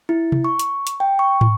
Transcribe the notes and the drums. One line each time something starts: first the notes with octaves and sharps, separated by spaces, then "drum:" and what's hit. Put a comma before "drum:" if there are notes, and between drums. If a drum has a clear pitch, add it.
E4
drum: tom C3
C#6
drum: hi-hat
drum: hi-hat
G5
C#6
drum: tom